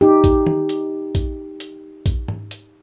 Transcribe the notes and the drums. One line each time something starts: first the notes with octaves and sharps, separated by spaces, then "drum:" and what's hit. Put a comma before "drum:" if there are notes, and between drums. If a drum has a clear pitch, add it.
D#4 G4
drum: kick A#1, hi-hat
drum: tom D#3
drum: hi-hat
drum: kick A#1, hi-hat
drum: hi-hat
drum: kick A#1, hi-hat
drum: tom G#2
drum: hi-hat